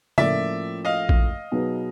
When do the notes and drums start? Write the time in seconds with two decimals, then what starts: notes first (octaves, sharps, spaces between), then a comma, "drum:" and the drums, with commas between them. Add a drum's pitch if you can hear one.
0.18 A2 F3 A#3 C#4 F4 D5 E5, drum: tom C#3
0.85 D#5 F5
1.09 drum: kick A#1
1.52 B2 F#3 B3 D#4 G#4